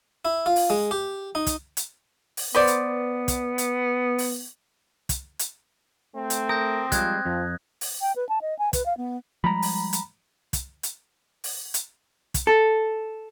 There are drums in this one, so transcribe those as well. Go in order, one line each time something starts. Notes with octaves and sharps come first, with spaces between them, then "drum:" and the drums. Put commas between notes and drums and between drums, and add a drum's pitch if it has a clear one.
E4
F4
drum: open hi-hat
G#3
G4
D#4
drum: kick, hi-hat
drum: hi-hat
drum: open hi-hat
B3 B4 C5 D5
drum: hi-hat
drum: kick, hi-hat
drum: hi-hat
drum: open hi-hat
drum: kick, hi-hat
drum: hi-hat
A3 C4
drum: hi-hat
A#4 D#6 G6 A#6
F3 G3 G#3 F#6 G#6, drum: kick, hi-hat
F2 F3
drum: open hi-hat
G5
B4
A5
D#5
G#5
B4, drum: kick, hi-hat
F5
B3
F3 G3 G#3 A#5 B5
drum: open hi-hat
drum: hi-hat
drum: kick, hi-hat
drum: hi-hat
drum: open hi-hat
drum: hi-hat
drum: kick, hi-hat
A4